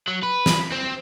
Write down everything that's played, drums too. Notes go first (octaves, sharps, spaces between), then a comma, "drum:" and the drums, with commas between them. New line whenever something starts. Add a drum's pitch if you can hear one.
F#3
B4
drum: snare
C4